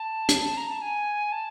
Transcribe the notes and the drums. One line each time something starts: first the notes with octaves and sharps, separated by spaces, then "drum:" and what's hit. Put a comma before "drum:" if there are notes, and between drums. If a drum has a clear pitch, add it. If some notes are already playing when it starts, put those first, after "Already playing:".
Already playing: A5
drum: hi-hat
A#5
A5
G#5
A5